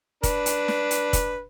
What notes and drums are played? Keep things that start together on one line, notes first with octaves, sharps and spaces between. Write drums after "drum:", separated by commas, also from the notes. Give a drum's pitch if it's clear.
D4 B4, drum: kick, hi-hat
drum: hi-hat
drum: snare
drum: hi-hat
drum: kick, hi-hat